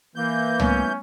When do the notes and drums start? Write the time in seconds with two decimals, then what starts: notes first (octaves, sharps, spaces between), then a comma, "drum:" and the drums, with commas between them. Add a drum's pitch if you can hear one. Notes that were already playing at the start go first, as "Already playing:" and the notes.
0.16 E3 A#3 G6
0.60 G3 A3 B3 C#4, drum: tom